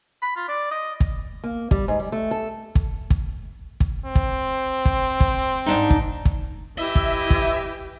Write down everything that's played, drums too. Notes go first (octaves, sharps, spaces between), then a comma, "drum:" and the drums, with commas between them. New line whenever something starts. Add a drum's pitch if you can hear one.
B5
F4
D5
D#5
drum: kick
A#3
G3, drum: kick
G#2
G3
A3
A4
drum: kick
drum: kick
drum: kick
C4
drum: kick
drum: kick
drum: kick
G#2 D4 D#4
drum: kick
drum: kick
E3 E4 G4 D#5 E5
drum: kick
drum: kick